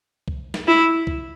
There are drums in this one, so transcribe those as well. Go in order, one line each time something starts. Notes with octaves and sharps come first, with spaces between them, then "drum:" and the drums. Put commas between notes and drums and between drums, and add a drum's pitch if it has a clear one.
drum: kick C2
drum: snare
E4
drum: kick C2